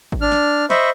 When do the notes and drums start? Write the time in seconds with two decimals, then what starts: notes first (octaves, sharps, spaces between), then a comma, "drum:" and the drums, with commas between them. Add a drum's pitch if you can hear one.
0.12 drum: kick G#1
0.21 D4 F6
0.32 drum: snare
0.70 C5 D#5 E5 B5 C#6, drum: snare